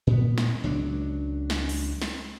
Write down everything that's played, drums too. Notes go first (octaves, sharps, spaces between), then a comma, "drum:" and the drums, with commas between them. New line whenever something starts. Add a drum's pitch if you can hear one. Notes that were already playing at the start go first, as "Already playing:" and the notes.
A#2 B3
drum: snare
C#2 F#3 D4
drum: snare
drum: open hi-hat
drum: snare